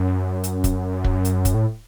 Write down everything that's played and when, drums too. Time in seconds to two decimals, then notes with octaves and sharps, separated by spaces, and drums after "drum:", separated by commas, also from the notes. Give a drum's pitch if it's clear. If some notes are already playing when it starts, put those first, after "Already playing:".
Already playing: F#2
0.44 drum: hi-hat
0.64 drum: kick, hi-hat
1.04 drum: kick
1.25 drum: hi-hat
1.45 drum: kick, hi-hat
1.54 A2